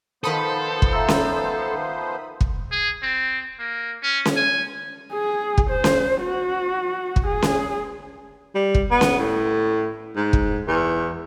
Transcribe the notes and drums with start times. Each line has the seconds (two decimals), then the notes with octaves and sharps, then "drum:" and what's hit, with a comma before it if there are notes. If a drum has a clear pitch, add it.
0.24 D#3 F3 B3 A4 C5 B5 D#6
0.82 drum: kick
0.93 E5 A#5 E6
1.08 drum: snare C#4
2.41 drum: kick
2.72 G#4
3.02 C4
3.59 A#3
4.03 C#4
4.25 drum: snare C#4
4.36 G#5
5.13 G#4
5.58 drum: kick
5.70 C5
5.84 drum: snare C#4
6.21 F#4
7.16 drum: kick
7.27 G#4
7.42 drum: snare C#4
8.55 G3
8.75 drum: kick
8.91 B3
9.01 drum: snare C#4
9.19 A2
10.16 G#2
10.33 drum: kick
10.68 E2